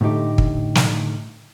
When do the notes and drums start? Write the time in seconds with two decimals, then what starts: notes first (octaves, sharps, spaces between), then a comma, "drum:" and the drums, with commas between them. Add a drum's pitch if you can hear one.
0.01 A2 D3 A3 D#4 G4
0.38 drum: kick
0.75 drum: snare